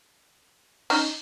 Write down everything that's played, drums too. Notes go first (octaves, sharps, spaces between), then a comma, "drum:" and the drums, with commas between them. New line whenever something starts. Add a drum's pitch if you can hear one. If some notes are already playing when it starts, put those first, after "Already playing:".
C#4 D#4, drum: open hi-hat